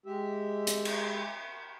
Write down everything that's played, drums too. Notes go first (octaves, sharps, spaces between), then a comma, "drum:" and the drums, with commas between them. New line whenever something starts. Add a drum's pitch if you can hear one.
G#3 G4 E5
drum: hi-hat
drum: cymbal